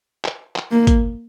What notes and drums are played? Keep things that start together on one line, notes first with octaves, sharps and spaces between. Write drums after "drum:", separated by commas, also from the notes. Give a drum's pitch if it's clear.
drum: clap
drum: clap
A#3
drum: kick, hi-hat